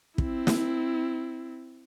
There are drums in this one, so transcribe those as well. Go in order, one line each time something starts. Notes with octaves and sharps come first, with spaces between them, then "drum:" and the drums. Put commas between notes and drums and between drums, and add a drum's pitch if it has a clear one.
C4 E4, drum: kick
drum: snare